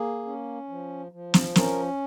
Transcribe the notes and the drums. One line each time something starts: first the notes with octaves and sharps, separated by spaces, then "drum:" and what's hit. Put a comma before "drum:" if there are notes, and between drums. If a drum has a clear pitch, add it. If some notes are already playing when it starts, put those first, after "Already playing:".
Already playing: A#3 G#4
C#4
F3
F3
drum: snare
C#4 A#4, drum: snare